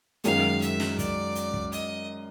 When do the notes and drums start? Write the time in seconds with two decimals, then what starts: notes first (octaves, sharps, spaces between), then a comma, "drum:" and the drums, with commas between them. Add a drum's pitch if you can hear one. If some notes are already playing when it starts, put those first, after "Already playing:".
0.24 F#2 D#3 G#3 F5, drum: hi-hat
0.62 E5, drum: hi-hat
0.80 drum: snare
0.99 D5, drum: kick, hi-hat
1.35 drum: hi-hat
1.54 drum: kick
1.72 D#5, drum: hi-hat